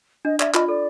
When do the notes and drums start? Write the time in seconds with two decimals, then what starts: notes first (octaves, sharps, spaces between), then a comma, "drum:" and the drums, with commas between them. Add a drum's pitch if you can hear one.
0.25 D4 D#5
0.40 D5 E5, drum: clap
0.54 F4 D#5, drum: clap
0.68 A4 D5